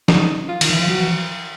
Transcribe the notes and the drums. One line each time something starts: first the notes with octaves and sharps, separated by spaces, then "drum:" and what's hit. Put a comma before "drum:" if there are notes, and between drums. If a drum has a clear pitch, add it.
D#4, drum: snare
F4
D#3 D#4, drum: cymbal
E3 E4
F3 F4
F#3 F#4
E3
F3